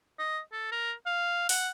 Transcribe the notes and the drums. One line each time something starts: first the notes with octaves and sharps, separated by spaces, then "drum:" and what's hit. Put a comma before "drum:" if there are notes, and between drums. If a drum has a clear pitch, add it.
D#5
A4
A#4
F5
F#5, drum: open hi-hat